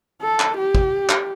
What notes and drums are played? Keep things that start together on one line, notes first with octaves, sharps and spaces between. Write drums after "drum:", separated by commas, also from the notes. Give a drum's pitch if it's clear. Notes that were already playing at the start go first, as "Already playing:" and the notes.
A4
drum: clap
G4
drum: kick
drum: clap